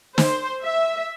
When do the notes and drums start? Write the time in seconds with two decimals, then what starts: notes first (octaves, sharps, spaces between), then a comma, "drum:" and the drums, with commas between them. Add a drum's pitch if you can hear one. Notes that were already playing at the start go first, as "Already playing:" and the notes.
0.18 C5, drum: snare
0.62 E5